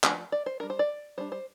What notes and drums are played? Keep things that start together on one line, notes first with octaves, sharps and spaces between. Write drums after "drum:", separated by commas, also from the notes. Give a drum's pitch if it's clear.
F3 D4, drum: clap
D5
C5
G3 D4 A#4
C5
D5
G3 D4 C5
C5